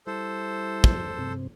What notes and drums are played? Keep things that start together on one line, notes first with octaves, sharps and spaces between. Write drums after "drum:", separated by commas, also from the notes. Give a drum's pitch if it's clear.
G3 E4 A4 C5
drum: kick
G2 C3 C4